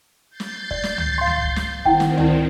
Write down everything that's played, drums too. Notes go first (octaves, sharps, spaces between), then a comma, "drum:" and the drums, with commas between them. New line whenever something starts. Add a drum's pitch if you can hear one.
G6 A6 C7
drum: snare
D5, drum: kick F#1
drum: snare
drum: tom C#2
F5 C6
drum: tom C#2
drum: kick F#1
drum: snare
D#3 C4 E4 F#5 G5, drum: kick F#1
drum: snare
E4 D5, drum: tom C#2